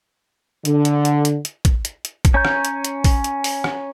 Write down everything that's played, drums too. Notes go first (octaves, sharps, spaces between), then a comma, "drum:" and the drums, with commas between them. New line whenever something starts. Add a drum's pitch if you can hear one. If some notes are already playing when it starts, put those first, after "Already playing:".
D3, drum: hi-hat
drum: hi-hat
drum: hi-hat
drum: hi-hat
drum: hi-hat
drum: kick, hi-hat
drum: hi-hat
drum: hi-hat
drum: kick, hi-hat
C#4 C#5 A#5 G6
drum: rim click
drum: hi-hat
drum: hi-hat
drum: kick, open hi-hat
drum: hi-hat
drum: open hi-hat
drum: rim click